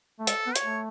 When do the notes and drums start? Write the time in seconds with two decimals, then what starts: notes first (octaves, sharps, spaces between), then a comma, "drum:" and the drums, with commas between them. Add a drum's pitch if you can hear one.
0.20 A3
0.27 G#3 A4, drum: hi-hat
0.47 B3
0.56 C#5, drum: hi-hat
0.64 A3